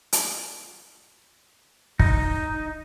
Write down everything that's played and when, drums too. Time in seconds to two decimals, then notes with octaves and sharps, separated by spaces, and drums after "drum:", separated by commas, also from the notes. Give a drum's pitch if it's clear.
0.13 drum: hi-hat
1.99 D#4, drum: kick